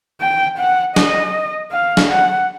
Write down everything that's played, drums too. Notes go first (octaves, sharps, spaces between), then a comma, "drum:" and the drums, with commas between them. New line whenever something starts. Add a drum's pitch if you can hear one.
G5
F#5
D#5, drum: snare
F5
drum: snare
F#5